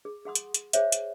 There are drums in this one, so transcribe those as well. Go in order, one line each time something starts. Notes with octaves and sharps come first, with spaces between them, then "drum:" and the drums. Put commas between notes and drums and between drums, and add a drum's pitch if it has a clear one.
G#4
G#4 F#5 C6 D#6
drum: hi-hat
drum: hi-hat
G#4 C5 C#5 E5, drum: hi-hat
drum: hi-hat